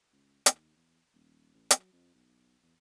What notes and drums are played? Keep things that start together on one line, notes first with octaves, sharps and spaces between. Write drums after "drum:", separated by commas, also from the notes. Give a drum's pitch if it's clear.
C#2
D#2, drum: hi-hat
E2
D#1
A1
F#3, drum: hi-hat
F2
B1
E2